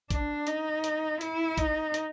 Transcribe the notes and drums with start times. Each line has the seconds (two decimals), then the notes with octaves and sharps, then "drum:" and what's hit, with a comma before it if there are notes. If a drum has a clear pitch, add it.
0.10 D4, drum: kick, hi-hat
0.47 D#4, drum: hi-hat
0.84 drum: hi-hat
1.21 E4, drum: hi-hat
1.58 D#4, drum: kick, hi-hat
1.94 drum: hi-hat